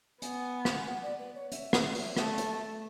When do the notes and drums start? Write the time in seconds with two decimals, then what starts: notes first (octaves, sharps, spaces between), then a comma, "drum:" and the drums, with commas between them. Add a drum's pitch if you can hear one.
0.22 B3 G#5, drum: hi-hat
0.65 drum: rim click
0.86 F#5
1.02 D5
1.19 B4
1.35 C#5
1.52 E5, drum: hi-hat
1.73 drum: rim click
1.95 drum: open hi-hat
2.17 A3, drum: rim click
2.38 drum: hi-hat